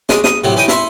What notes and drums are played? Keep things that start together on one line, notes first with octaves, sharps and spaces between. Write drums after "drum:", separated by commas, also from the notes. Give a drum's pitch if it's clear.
G#3 D4 C#5 D#5, drum: snare
D#6, drum: snare
A2 C3 F#3 G3
E3 C#4 D#4 D#5 G5
E4 E5 C6 C#6, drum: snare